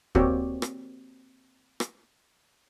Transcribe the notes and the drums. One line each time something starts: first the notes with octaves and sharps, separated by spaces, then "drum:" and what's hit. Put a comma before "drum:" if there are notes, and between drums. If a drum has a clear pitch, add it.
A#3 C4 F#4 G4 C#5 D5, drum: kick
drum: rim click
drum: rim click